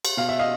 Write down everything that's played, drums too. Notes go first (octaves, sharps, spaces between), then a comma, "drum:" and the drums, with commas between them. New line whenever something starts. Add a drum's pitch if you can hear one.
drum: cymbal
B2 F5
E5
D#5 F5